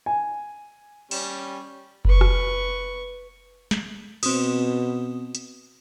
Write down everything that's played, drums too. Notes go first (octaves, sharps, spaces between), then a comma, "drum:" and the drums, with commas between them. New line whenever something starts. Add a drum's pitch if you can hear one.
G#5
G3 C#4, drum: open hi-hat
B4 C#6, drum: kick F#1
drum: rim click
drum: snare
B2 C4 D#6, drum: cymbal
drum: hi-hat